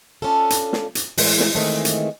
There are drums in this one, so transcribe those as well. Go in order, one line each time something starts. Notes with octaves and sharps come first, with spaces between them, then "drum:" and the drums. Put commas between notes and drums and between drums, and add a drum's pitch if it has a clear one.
C#4 D4 F4 A4
drum: hi-hat
drum: snare
drum: hi-hat
A2 E3 G#3, drum: open hi-hat
drum: snare
D#3 E3 G#3 A3 C4 G#4
drum: hi-hat